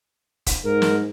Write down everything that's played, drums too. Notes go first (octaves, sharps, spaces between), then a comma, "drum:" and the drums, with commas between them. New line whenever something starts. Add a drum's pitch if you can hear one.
drum: kick D#1, hi-hat
G#2 A#4
drum: snare